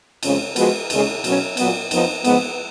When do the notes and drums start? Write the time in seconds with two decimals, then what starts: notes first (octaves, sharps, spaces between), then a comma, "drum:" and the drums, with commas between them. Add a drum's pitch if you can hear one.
0.23 F2 C#3 F3 G#3 C#4, drum: cymbal
0.56 F3 G#3 B3 F#4 B4, drum: cymbal
0.90 D#2 C#3 G#3 C#4, drum: cymbal
1.24 B2 F#3 C#4, drum: cymbal
1.57 A#2 F#3 B3, drum: cymbal
1.91 F2 F3 B3 D#4, drum: cymbal
2.24 G#2 F3 G#3 B3, drum: cymbal